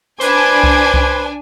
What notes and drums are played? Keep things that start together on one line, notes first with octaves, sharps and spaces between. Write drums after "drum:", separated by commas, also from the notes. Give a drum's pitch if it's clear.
D4 B4 C5 G#5 B5 D6 G#6, drum: hi-hat
drum: kick C2
drum: kick C2